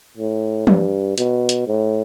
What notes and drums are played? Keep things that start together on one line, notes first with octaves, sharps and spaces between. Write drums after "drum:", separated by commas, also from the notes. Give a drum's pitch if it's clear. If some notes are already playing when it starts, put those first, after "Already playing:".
A2
G2, drum: tom
B2, drum: hi-hat
drum: hi-hat
A2